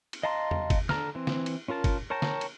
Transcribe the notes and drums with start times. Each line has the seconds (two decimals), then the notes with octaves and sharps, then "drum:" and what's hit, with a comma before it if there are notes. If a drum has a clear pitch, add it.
0.13 drum: cymbal
0.23 D#5 F5 A5 A#5 C6
0.51 drum: tom E2
0.70 drum: kick, cymbal
0.89 D3 A4 A#5 F6, drum: snare
1.15 E3 C4
1.27 drum: snare
1.46 drum: cymbal
1.68 C#4 F4 A#4 A5
1.84 drum: kick, cymbal
2.10 A#4 C#5 G5 A5 A#5
2.22 drum: snare
2.41 drum: cymbal